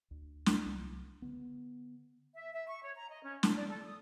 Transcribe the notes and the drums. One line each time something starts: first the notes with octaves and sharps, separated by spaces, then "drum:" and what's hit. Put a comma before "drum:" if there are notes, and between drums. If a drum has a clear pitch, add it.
D2
drum: snare
C2 F#3
D3 B3
E5
E5
C#6
C#5
A#5
D#5
C#4
A5, drum: snare
D5
A4
D#6